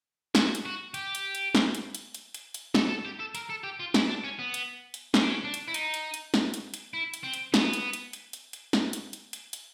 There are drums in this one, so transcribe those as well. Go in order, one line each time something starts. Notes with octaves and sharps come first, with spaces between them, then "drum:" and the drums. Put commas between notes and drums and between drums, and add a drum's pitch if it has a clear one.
F#4, drum: snare
drum: hi-hat
F#4
G4, drum: hi-hat
drum: hi-hat
drum: hi-hat
drum: snare
drum: hi-hat
drum: hi-hat
drum: hi-hat
drum: hi-hat
drum: hi-hat
A4, drum: snare
A4
G4
A4
A#4, drum: hi-hat
A4
G4
F4
E4, drum: snare
D4
C#4
B3
drum: hi-hat
drum: hi-hat
C#4, drum: snare
D4
C#4
D4
drum: hi-hat
E4
D#4, drum: hi-hat
drum: hi-hat
drum: hi-hat
drum: snare
drum: hi-hat
drum: hi-hat
E4
drum: hi-hat
C4
drum: hi-hat
B3, drum: snare
drum: hi-hat
drum: hi-hat
drum: hi-hat
drum: hi-hat
drum: hi-hat
drum: snare
drum: hi-hat
drum: hi-hat
drum: hi-hat
drum: hi-hat